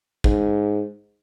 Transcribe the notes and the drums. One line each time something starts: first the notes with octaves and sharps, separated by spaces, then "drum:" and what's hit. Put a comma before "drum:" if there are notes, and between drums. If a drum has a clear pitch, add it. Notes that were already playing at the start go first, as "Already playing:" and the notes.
G#2, drum: kick